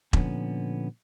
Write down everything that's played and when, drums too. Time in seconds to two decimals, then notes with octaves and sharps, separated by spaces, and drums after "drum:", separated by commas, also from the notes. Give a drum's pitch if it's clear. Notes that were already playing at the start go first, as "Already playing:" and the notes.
0.13 A#2 D3 F3 B3 C#4, drum: kick E1